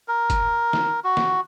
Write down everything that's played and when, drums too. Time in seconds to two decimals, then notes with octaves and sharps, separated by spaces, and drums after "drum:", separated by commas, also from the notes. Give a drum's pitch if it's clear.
0.08 A#4
0.30 drum: kick F#1, hi-hat
0.73 drum: snare
1.04 F#4
1.17 drum: snare